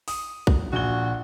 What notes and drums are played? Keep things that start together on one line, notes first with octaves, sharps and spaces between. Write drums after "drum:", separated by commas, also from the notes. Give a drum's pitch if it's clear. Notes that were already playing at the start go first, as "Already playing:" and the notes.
D#6, drum: open hi-hat
drum: kick
A#1 F#4 G7